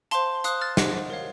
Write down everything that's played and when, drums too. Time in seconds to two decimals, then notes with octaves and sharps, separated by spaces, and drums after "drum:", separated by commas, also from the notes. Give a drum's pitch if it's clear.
0.11 C5 F5 A5 C6, drum: hi-hat
0.44 C5 F5 D#6 F#6, drum: hi-hat
0.61 F6 A6
0.77 C5 D#5 F#5, drum: snare
1.10 A#4 C#5 F5